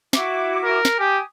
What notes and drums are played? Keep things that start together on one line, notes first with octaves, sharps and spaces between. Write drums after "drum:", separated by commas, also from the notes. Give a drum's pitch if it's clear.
E4 F#4 D6, drum: snare
A#4
drum: snare
G4 G#5 D#6